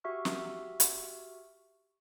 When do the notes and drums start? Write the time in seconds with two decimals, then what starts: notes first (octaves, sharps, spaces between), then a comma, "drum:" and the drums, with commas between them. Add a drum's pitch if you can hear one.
0.04 F#4 G4 E5 C#6 F6
0.25 drum: snare
0.80 drum: hi-hat